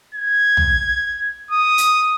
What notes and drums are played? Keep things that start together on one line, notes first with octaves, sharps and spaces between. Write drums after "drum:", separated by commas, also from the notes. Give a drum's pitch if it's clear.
G#6
drum: tom
D#6
drum: hi-hat